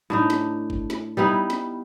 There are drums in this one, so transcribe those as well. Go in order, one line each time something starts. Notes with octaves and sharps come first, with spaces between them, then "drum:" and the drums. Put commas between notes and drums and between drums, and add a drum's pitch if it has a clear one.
A2 D4 D#4
drum: snare
drum: kick
drum: snare
G3 B3 D#4 E4
drum: snare